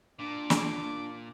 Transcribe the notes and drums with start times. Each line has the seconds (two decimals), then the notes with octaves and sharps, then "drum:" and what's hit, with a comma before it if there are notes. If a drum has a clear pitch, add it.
0.19 A#2 D4 D6
0.50 drum: snare